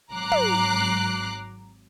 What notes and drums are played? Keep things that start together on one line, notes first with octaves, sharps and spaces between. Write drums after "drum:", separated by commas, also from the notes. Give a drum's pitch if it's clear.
G#1 F#3 A#5 D6 F#6 C7
drum: tom